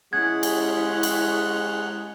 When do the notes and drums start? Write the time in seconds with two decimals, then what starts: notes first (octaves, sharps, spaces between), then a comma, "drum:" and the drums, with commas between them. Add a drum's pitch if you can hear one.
0.13 G#3 C#4 E4 G#4 F#5 F#6 G#6
0.43 drum: cymbal
1.03 drum: cymbal